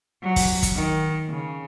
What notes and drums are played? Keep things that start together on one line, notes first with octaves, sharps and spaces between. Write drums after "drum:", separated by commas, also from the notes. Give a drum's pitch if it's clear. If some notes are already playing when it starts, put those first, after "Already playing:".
F#3
drum: kick, open hi-hat
drum: kick, hi-hat
D#3
C#3